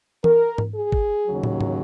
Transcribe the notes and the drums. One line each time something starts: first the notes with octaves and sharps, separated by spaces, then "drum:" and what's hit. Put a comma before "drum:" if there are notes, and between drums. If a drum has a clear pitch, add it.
A#4, drum: tom E3
drum: tom G#2
G#4
drum: kick
D#2 C#3 F#3
drum: tom
drum: tom G#2